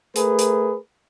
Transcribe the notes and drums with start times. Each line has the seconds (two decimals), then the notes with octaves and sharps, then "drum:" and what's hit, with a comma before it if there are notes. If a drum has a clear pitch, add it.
0.16 A3 G#4 A#4 B4, drum: hi-hat
0.39 drum: hi-hat